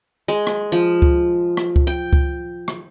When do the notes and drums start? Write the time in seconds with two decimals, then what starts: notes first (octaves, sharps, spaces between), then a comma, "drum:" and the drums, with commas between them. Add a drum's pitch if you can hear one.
0.28 G#3
0.47 drum: rim click
0.72 F3
1.02 drum: kick C#2
1.57 drum: rim click
1.76 drum: kick C#2
1.87 G5
2.13 drum: kick C#2
2.68 drum: rim click